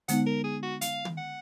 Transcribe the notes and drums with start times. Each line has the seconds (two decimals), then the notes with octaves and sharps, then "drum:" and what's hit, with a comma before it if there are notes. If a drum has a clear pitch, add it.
0.08 D3 G#3 B3 D#4 F#5, drum: hi-hat
0.27 A#4
0.44 G#4
0.63 F#4
0.81 F5, drum: hi-hat
1.05 drum: tom
1.17 F#5